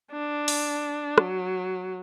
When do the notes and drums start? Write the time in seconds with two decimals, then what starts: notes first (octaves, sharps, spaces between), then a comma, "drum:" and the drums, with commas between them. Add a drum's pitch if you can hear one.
0.12 D4
0.48 drum: open hi-hat
1.18 F#3, drum: rim click